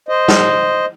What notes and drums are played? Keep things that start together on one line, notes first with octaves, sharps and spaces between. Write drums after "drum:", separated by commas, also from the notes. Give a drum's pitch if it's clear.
C5 D#5
drum: snare